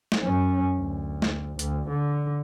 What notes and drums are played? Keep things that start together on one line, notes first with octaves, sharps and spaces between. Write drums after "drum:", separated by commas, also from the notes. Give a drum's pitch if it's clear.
drum: snare
F#2 C#4
D2
drum: snare
D2, drum: hi-hat
D3